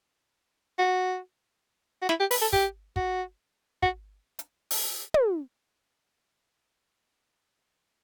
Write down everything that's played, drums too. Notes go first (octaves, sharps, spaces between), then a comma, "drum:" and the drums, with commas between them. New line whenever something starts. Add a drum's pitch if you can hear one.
F#4
F#4
E4, drum: snare
G4
B4, drum: open hi-hat
A4
G4, drum: kick
F#4, drum: kick
F#4, drum: kick
drum: hi-hat
drum: open hi-hat
drum: tom